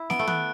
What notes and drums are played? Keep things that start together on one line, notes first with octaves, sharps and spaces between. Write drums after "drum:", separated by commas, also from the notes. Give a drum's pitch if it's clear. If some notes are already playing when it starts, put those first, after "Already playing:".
Already playing: E4
B3 D7, drum: snare
A3
B3 F#6, drum: tom